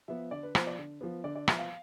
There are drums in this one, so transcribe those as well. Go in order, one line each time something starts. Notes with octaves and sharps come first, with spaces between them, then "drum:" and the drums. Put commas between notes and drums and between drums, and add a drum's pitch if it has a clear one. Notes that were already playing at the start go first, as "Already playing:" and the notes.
F3 B3 E5
D3 D5
B4
F3 B3 C5, drum: rim click
D5
D3
F3 B3
D3 D5
D5
F3 B3 E5, drum: rim click
F5